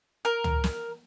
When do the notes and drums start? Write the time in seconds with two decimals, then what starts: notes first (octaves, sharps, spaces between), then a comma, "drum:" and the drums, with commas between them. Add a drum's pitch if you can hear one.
0.25 A#4
0.44 drum: tom
0.64 drum: snare